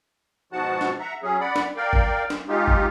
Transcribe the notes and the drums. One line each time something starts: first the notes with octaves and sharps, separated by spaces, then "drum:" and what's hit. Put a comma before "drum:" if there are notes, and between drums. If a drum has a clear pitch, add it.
G#2 B2 F3 F#4 F#5 A5
drum: snare
E5 F#5 A#5
F#3 C#4 G#4
D5 F#5 B5
drum: snare
A#4 D5 F5 G5
drum: kick G1
drum: snare
G#3 D#4 F4 G4
drum: kick G1